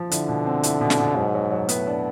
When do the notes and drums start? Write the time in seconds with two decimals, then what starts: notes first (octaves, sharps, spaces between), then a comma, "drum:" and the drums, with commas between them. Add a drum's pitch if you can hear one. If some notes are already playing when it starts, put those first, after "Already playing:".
Already playing: F3
0.11 D3 E4, drum: hi-hat
0.28 B2
0.46 C4
0.63 E4, drum: hi-hat
0.81 B2
0.90 drum: snare
0.99 B2
1.16 G#2 F#3
1.34 F#3
1.52 F#3
1.69 A2 B3, drum: hi-hat
1.87 D4